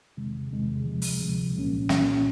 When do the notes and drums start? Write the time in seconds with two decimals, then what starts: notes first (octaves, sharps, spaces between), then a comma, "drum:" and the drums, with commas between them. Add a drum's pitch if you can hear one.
0.17 E2 C3 D#3 G#3
0.52 E2 C3 D#3 G#3
0.85 D2 C3 F3 G#3
1.02 drum: open hi-hat
1.21 D2 C3 F3 G#3
1.55 C2 A#2 F#3 A#3 C#4
1.89 C2 A#2 F#3 A#3 C#4, drum: snare